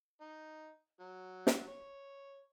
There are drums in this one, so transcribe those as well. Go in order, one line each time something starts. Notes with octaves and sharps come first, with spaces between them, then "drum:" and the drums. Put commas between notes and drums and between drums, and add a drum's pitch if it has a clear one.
D#4
F#3
drum: snare
C#5